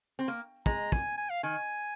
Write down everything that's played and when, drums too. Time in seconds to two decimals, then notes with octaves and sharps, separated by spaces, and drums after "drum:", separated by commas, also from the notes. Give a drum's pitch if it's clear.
0.19 C4
0.28 A#3
0.66 G#3 A#5, drum: kick
0.92 G#5, drum: kick
1.17 G#5
1.30 F5
1.43 D#3 G#5